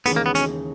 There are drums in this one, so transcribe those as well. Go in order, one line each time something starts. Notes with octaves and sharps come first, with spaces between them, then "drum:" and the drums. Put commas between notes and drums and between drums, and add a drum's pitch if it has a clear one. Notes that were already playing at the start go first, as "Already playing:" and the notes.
D#2 C#3 E3 G#3 B3 D#4, drum: hi-hat
A#3
B3
C#4, drum: hi-hat